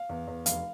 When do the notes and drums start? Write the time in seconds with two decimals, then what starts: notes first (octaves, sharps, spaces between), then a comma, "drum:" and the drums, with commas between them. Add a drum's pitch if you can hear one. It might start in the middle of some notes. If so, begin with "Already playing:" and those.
Already playing: F5
0.09 E2
0.27 E2
0.46 F1 F5, drum: hi-hat